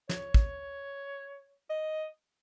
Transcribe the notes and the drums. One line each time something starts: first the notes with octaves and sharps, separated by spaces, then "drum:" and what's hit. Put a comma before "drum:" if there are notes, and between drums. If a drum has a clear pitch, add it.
C#5, drum: snare
drum: kick
D#5